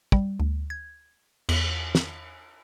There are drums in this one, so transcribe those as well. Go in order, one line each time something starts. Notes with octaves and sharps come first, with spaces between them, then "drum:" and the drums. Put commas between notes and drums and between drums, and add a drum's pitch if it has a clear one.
G3, drum: kick
D2
G#6
E2, drum: cymbal
drum: snare